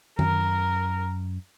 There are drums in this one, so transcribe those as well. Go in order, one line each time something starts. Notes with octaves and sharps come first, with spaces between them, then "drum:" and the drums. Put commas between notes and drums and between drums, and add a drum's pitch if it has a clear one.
F#2 A#4, drum: tom D#3